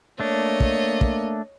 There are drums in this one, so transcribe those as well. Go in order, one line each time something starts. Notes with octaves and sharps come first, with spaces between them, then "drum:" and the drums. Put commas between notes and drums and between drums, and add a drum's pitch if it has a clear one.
A3 A#3 D4 C#5 D#5
drum: kick
drum: kick